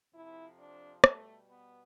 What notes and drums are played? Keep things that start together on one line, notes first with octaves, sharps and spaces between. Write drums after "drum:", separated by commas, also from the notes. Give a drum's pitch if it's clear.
F2 C3 F3 E4
D4
B2 G3 A3, drum: rim click
B3